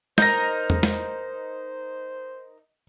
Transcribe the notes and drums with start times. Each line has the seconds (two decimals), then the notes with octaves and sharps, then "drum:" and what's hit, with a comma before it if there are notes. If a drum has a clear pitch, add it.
0.18 D#4 A#4 C5 G6 A#6, drum: snare
0.70 drum: tom E2
0.83 drum: snare